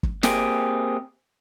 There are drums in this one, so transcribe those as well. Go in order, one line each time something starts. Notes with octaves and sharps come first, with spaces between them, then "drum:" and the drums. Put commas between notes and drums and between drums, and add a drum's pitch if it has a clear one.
drum: kick
A#3 C4 G4 G#4, drum: snare